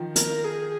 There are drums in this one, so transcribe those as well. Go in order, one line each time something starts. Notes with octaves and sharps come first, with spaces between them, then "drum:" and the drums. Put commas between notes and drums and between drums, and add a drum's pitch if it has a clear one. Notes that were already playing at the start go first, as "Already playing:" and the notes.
Already playing: D#3 F3
F3 A#4, drum: hi-hat
G#4